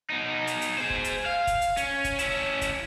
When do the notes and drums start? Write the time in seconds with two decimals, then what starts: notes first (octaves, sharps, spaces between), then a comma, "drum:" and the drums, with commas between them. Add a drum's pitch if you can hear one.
0.10 B2 D#4
0.47 drum: hi-hat
0.62 drum: hi-hat
0.78 G#4 C5
0.90 drum: kick
1.04 drum: hi-hat
1.26 F5
1.47 drum: kick, hi-hat
1.62 drum: hi-hat
1.77 C#4, drum: hi-hat
2.04 drum: kick, hi-hat
2.19 C#4 E4, drum: hi-hat
2.61 drum: kick, hi-hat